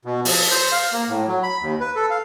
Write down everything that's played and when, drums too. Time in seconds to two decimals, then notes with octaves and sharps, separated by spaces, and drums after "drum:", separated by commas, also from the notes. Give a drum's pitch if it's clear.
0.05 B2
0.25 F3, drum: open hi-hat
0.51 C5
0.72 F5
0.93 A#3
1.08 A2
1.27 F#3
1.43 B5
1.61 D#2
1.80 B4
1.96 A4
2.10 F5